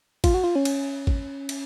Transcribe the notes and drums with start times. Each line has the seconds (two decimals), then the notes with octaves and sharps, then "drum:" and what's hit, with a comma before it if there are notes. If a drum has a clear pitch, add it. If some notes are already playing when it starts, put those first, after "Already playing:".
0.24 F4, drum: kick G#1, cymbal
0.34 F#4
0.44 F4
0.55 C#4
0.65 drum: cymbal
1.07 drum: kick G#1
1.49 drum: cymbal